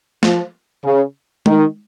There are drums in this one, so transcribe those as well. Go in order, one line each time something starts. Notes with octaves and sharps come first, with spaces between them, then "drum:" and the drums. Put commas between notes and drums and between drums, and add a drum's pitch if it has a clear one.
F3, drum: snare
C#3
D#3, drum: tom G#3